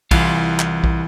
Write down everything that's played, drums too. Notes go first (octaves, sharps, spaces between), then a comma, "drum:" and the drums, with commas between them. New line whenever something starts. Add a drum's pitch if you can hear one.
C2 E3 F4, drum: kick A#1, cymbal
drum: clap
drum: kick A#1